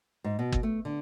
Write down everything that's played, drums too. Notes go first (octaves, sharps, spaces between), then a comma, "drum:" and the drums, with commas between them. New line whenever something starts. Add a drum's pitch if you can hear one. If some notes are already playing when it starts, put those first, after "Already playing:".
G#2
B2
drum: kick G1
A3
D3